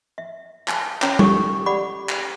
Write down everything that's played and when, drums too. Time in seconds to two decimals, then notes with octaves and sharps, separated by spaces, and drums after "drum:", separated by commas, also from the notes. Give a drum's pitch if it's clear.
0.18 E5
0.68 G#5 A5, drum: clap
1.02 C#4 C#5 G5 A#5, drum: clap
1.19 G4 A4 C#6 D6, drum: tom
1.66 G4 D5 F#5 B5 D6
2.09 drum: clap